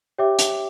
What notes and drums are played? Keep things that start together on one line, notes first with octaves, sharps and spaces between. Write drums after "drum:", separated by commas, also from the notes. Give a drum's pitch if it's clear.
G4 C#5 E5 G5 D6
drum: hi-hat